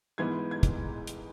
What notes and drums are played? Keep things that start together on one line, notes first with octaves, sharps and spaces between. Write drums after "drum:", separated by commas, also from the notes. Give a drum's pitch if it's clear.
G#2 E3 G#3 B3 G#6
G#6
drum: kick, hi-hat
drum: hi-hat